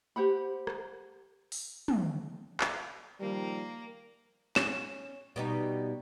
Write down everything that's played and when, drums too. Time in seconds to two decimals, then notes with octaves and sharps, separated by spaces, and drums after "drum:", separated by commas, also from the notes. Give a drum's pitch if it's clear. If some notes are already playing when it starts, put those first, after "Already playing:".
0.16 G4 C5 F#5 B5
0.67 drum: rim click
1.52 drum: open hi-hat
1.88 drum: tom
2.61 drum: clap
3.20 D#3 F3 G3 A#3
4.56 C#4 E7, drum: snare
5.36 B2 G3 D#4